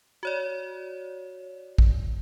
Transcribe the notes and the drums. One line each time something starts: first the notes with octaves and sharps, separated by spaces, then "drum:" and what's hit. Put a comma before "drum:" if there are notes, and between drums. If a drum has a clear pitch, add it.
F#4 C#5 D5
drum: kick